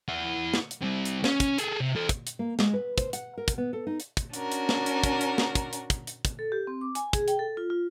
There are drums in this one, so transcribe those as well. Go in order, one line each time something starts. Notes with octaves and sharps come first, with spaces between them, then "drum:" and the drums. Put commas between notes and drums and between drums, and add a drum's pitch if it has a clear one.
E4 F#5
drum: snare
drum: hi-hat
C3 G3
drum: hi-hat
C#4, drum: snare
drum: kick, hi-hat
G#4 A4, drum: hi-hat
C3
A4 C5
drum: kick, hi-hat
drum: hi-hat
A#3
G#3, drum: snare
B4
C5, drum: kick, hi-hat
F#5, drum: hi-hat
A#4
drum: kick, hi-hat
B3
A4
D#4
drum: hi-hat
drum: kick, hi-hat
C#4 D4 F#4 A#4, drum: hi-hat
drum: hi-hat
drum: snare
drum: hi-hat
drum: kick, hi-hat
drum: hi-hat
drum: snare
drum: kick, hi-hat
drum: hi-hat
drum: kick, hi-hat
drum: hi-hat
drum: kick, hi-hat
A4
G4
C4
D6
G#5, drum: hi-hat
G#4, drum: kick, hi-hat
G5, drum: hi-hat
A4
F4
F4